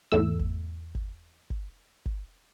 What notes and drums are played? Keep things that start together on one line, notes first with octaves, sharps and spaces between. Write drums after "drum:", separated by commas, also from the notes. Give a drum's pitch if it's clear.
E2 G#2 A3 E6
drum: kick G1
drum: kick G1
drum: kick G1
drum: kick G1